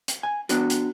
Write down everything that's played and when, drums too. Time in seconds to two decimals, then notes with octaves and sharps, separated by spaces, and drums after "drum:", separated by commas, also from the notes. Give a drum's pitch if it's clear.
0.08 drum: hi-hat
0.23 G#5
0.49 B3 D4 F#4, drum: hi-hat
0.70 drum: hi-hat